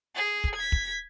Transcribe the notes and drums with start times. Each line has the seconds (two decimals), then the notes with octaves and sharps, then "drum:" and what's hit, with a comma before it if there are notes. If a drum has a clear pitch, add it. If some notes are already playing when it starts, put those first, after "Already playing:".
0.15 G#4
0.44 drum: kick
0.55 G#6 B6
0.72 drum: kick